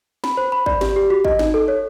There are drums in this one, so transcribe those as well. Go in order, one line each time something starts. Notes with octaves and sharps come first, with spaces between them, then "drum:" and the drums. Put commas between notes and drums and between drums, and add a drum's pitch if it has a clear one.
B5, drum: snare
C5
B5
D5, drum: kick G#1
G4, drum: snare
G4
F#4
D#5, drum: kick G#1
D#4, drum: snare
A4
C#5